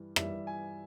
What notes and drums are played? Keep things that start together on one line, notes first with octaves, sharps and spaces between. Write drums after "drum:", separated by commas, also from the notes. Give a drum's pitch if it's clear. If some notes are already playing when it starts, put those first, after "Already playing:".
Already playing: G2 E3 G3
G2 E3 G3 E5, drum: rim click
G#5